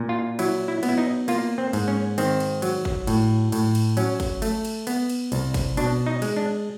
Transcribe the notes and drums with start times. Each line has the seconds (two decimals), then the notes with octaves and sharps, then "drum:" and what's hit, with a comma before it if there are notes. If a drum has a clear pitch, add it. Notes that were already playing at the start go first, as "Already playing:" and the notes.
Already playing: A#2
0.09 F4
0.39 F#3 E4, drum: cymbal
0.68 E4
0.83 B3, drum: cymbal
0.89 E4
0.98 D#4
1.28 A#3 F4, drum: cymbal
1.58 C4
1.73 G#2, drum: cymbal
1.88 C#4
2.18 D#3 C4, drum: cymbal
2.40 drum: cymbal
2.62 F#3, drum: cymbal
2.85 drum: kick
3.07 A2, drum: cymbal
3.52 A2, drum: cymbal
3.75 drum: cymbal
3.97 F#3 C#4, drum: cymbal
4.20 drum: kick, cymbal
4.42 A3, drum: cymbal
4.65 drum: cymbal
4.87 B3, drum: cymbal
5.09 drum: cymbal
5.32 C2, drum: cymbal
5.54 drum: kick, cymbal
5.77 B2 D4, drum: cymbal
6.06 D#4
6.22 G#3, drum: cymbal
6.37 D4